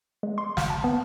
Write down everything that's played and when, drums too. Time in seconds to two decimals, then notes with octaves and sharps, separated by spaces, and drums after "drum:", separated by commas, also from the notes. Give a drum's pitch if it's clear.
0.23 G#3
0.38 C6
0.57 F5, drum: snare
0.70 A5
0.84 B3